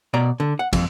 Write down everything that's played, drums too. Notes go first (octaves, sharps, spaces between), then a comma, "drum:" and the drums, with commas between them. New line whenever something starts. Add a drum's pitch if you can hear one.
B2 D5 A#5
D3
F#5
F2, drum: kick, cymbal